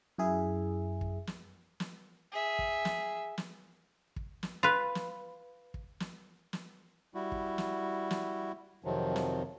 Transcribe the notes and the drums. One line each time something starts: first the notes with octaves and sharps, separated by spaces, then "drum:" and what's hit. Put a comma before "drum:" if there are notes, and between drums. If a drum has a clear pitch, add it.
F#2 E4 G#4 E5
drum: kick
drum: snare
drum: snare
G#4 E5
drum: kick
drum: snare
drum: snare
drum: kick
drum: snare
F4 B4
drum: snare
drum: kick
drum: snare
drum: snare
G3 E4 F#4
drum: kick
drum: snare
drum: snare
F2 C3 D#3 F3 F#3
drum: snare